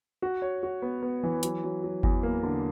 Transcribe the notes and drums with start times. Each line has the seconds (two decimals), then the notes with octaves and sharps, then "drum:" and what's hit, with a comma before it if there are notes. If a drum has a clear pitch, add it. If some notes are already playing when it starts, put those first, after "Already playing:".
0.22 F#4
0.42 C#5
0.63 F#4
0.82 B3
1.02 B3
1.23 E3
1.43 F#3, drum: hi-hat
1.64 F#3
1.83 F#3
2.03 E2, drum: kick G1
2.23 A#3
2.43 D3